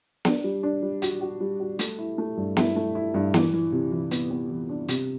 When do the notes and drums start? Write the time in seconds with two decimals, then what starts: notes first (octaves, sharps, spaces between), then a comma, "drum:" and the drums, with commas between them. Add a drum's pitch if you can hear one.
0.25 D4, drum: snare
0.44 G3
0.63 D4
0.82 G3
1.02 F#4, drum: hi-hat
1.21 F#4
1.41 G3
1.60 F#4
1.79 A3, drum: hi-hat
1.98 E4
2.18 A3
2.37 G2
2.57 E4, drum: snare
2.76 A3
2.95 E4
3.14 G2
3.34 E3, drum: snare
3.54 E3
3.72 C3
3.92 E3
4.11 B3, drum: hi-hat
4.31 B3
4.50 E3
4.69 D4
4.88 C3, drum: hi-hat